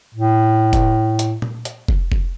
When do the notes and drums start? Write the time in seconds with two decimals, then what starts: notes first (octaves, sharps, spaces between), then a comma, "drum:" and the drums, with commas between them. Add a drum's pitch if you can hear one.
0.15 A2
0.73 drum: kick F1, hi-hat
1.19 drum: hi-hat
1.42 drum: tom A#2
1.65 drum: hi-hat
1.88 drum: kick F1
2.12 drum: kick F1